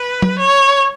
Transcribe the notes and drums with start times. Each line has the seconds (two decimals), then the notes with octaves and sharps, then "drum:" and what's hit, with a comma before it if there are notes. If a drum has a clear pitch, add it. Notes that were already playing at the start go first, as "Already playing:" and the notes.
Already playing: B4
0.22 drum: tom F#3
0.39 C#5